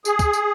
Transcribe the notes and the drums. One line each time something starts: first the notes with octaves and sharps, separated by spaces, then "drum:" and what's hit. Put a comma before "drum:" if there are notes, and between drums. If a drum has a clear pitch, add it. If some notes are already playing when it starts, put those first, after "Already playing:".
G#4, drum: tambourine
drum: kick, tambourine
drum: tambourine